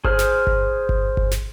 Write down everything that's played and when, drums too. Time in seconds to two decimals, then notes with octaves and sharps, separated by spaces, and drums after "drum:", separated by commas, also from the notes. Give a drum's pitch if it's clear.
0.05 G#4 C5 F6, drum: kick G1
0.19 drum: snare
0.47 drum: kick G1
0.89 drum: kick G1
1.17 drum: kick G1
1.31 drum: snare